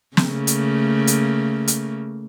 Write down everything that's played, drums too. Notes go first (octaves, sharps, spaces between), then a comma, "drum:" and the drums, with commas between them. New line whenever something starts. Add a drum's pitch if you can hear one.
C#3 A3 A#3, drum: snare
drum: hi-hat
drum: hi-hat
drum: hi-hat